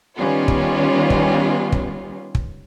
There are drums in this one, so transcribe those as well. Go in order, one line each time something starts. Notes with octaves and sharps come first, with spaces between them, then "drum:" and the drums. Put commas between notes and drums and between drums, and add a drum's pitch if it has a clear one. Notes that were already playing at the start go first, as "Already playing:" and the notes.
D#3 G3 B3 C#4 F4
drum: kick
drum: kick
drum: kick
drum: kick